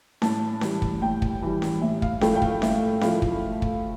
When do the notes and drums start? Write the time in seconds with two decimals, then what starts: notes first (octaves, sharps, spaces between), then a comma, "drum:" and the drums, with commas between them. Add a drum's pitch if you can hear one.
0.22 A2 A5, drum: snare C#4
0.61 E3 G3, drum: snare C#4
0.82 drum: kick
1.02 A2 G5
1.22 drum: kick
1.42 E3 G3
1.62 drum: snare C#4
1.82 A2 E5
2.02 F5, drum: kick
2.21 F3 A3 E4 G5, drum: snare C#4
2.36 G5
2.42 F5, drum: kick
2.62 A2 E5, drum: snare C#4
3.01 F3 A3 E4 F5, drum: snare C#4
3.22 drum: kick
3.62 drum: kick